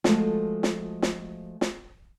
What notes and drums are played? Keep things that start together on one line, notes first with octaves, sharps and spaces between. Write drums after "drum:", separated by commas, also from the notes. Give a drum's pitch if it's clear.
F3 G#3 A3 F4 F#4 A4, drum: snare
drum: snare
drum: snare
drum: snare